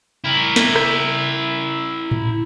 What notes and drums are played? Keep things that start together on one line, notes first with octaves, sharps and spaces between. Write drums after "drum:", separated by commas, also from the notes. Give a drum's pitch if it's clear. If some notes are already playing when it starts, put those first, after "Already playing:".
E4 A#4
drum: snare
drum: rim click
drum: tom A2